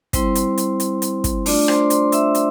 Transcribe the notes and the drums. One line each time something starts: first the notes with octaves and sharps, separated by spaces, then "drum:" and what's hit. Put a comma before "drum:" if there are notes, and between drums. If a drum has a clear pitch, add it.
G3 C4 E4 C5 C6, drum: kick, hi-hat
drum: hi-hat
drum: hi-hat
drum: hi-hat
drum: hi-hat
drum: kick, hi-hat
A3 D4 F4 D5 D6, drum: open hi-hat
C5 C6, drum: rim click
C5 C6, drum: hi-hat
E5 E6, drum: hi-hat
drum: hi-hat